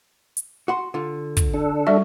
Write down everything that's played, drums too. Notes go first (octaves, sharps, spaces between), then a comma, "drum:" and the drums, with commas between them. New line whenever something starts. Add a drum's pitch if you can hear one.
drum: hi-hat
F#4 F#5 C6
D3 F4
drum: kick, hi-hat
D4 A4
G3 F#4 D5 E5